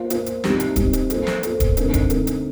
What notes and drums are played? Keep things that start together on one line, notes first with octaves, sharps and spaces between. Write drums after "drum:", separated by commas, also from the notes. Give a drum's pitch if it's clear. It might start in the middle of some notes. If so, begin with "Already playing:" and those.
Already playing: A#3 F4 C5
A#3 F4 C5, drum: hi-hat
drum: hi-hat
D#3 G3 C4 D#4, drum: snare
drum: hi-hat
D#3 G3 C4 D#4, drum: kick D1, hi-hat
drum: hi-hat
A#3 F4 A4 C5, drum: hi-hat
drum: snare
A#3 F4 A4 C5, drum: hi-hat
drum: kick D1, hi-hat
D3 A3 C4 D#4 A#4, drum: hi-hat
drum: kick D1, hi-hat
D3 A3 C4 D#4 A#4, drum: hi-hat
drum: hi-hat